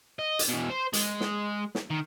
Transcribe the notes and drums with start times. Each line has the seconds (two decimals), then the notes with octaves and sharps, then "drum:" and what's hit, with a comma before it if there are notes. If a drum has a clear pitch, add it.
0.19 D#5
0.39 drum: hi-hat
0.49 B2 E3
0.70 C5
0.93 G#3, drum: hi-hat
1.20 drum: snare
1.75 drum: snare
1.90 D#3